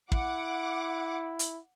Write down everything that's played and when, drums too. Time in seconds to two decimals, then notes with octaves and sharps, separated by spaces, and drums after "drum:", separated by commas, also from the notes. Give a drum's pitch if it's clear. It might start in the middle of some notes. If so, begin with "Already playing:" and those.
0.12 E4 F#5 D6, drum: kick
1.39 drum: hi-hat